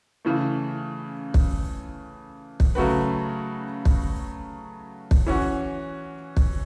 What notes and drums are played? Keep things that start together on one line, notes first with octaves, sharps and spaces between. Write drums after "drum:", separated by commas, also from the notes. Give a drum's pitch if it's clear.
C#3 E3 A3
drum: kick
drum: kick
C#3 F#3 A3 F#4 B4
drum: kick
drum: kick
E3 C#4 F#4
drum: kick